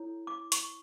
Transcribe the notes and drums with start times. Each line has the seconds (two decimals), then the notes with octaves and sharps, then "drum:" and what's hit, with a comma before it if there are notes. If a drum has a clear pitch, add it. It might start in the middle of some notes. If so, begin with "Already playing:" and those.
Already playing: E4 A4 C#5
0.27 D6
0.52 C#6, drum: hi-hat